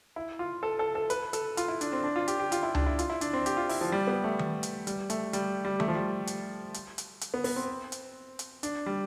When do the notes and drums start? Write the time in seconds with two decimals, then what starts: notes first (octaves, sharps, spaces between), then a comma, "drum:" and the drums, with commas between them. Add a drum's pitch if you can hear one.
0.16 E4
0.39 F4
0.63 A4
0.79 A4
0.95 A4
1.10 B4, drum: hi-hat
1.33 A4, drum: hi-hat
1.57 F4, drum: hi-hat
1.68 E4
1.81 D4, drum: hi-hat
1.93 C4
2.04 D4
2.16 F4
2.28 G4, drum: hi-hat
2.39 G4
2.52 F4, drum: hi-hat
2.63 E4
2.75 D4, drum: tom C#2
2.86 E4
2.99 F4, drum: hi-hat
3.10 E4
3.21 D4, drum: hi-hat
3.33 C4
3.46 G4, drum: hi-hat
3.57 F4
3.69 E4, drum: open hi-hat
3.81 F3
3.92 G3
4.07 B3
4.24 A3
4.39 drum: tom D#3
4.63 drum: hi-hat
4.87 G3, drum: hi-hat
5.10 A3, drum: hi-hat
5.33 G3, drum: hi-hat
5.65 G3
5.80 A3, drum: tom D#3
5.88 F3
5.95 G3
6.27 drum: hi-hat
6.74 drum: hi-hat
6.98 drum: hi-hat
7.21 drum: hi-hat
7.34 B3
7.44 B3, drum: open hi-hat
7.56 C4
7.92 drum: hi-hat
8.39 drum: hi-hat
8.63 D4, drum: hi-hat
8.86 G3